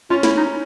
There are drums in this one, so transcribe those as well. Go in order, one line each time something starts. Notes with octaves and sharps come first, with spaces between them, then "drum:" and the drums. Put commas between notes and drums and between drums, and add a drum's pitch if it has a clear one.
C#4 F4
E4, drum: snare
D#4